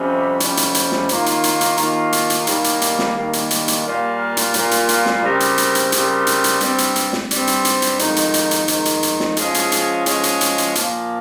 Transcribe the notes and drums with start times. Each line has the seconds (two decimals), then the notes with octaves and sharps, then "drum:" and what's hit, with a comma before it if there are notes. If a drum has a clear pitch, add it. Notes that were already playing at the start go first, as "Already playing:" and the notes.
Already playing: F2 C3 G3 C#4
0.40 F2 C3 G3 C#4, drum: hi-hat
0.57 drum: hi-hat
0.74 drum: hi-hat
0.92 drum: snare
1.09 D#2 D#3 A#3 F4, drum: hi-hat
1.26 drum: hi-hat
1.43 drum: hi-hat
1.61 drum: hi-hat
1.77 D#2 D#3 A#3 F4, drum: hi-hat
2.12 drum: hi-hat
2.30 drum: hi-hat
2.47 D#2 D#3 G3 A#3, drum: hi-hat
2.64 drum: hi-hat
2.82 drum: hi-hat
2.99 drum: snare
3.16 D#2 D#3 G3 A#3
3.33 drum: hi-hat
3.51 drum: hi-hat
3.68 drum: hi-hat
3.85 A#2 G3 A#3 F4 A#4
4.37 drum: hi-hat
4.54 A#2 G3 A#3 F4 A#4, drum: hi-hat
4.71 drum: hi-hat
4.89 drum: hi-hat
5.06 drum: snare
5.22 C#3 G3 C4 G4 A#4
5.40 drum: hi-hat
5.58 drum: hi-hat
5.75 drum: hi-hat
5.92 C#3 G3 C4 G4 A#4, drum: hi-hat
6.27 drum: hi-hat
6.44 drum: hi-hat
6.61 G2 G3 C4, drum: hi-hat
6.78 drum: hi-hat
6.96 drum: hi-hat
7.13 drum: snare
7.31 G2 G3 C4, drum: hi-hat
7.47 drum: hi-hat
7.65 drum: hi-hat
7.82 drum: hi-hat
7.99 F2 D#3 G#3 D#4, drum: hi-hat
8.16 drum: hi-hat
8.34 drum: hi-hat
8.51 drum: hi-hat
8.68 F2 D#3 G#3 D#4, drum: hi-hat
8.85 drum: hi-hat
9.03 drum: hi-hat
9.20 drum: snare
9.37 F3 G#3 C#4 F4 G#4, drum: hi-hat
9.54 drum: hi-hat
9.72 drum: hi-hat
10.06 F3 G#3 C#4 F4 G#4, drum: hi-hat
10.23 drum: hi-hat
10.41 drum: hi-hat
10.58 drum: hi-hat
10.75 A#2 F3 A#3, drum: hi-hat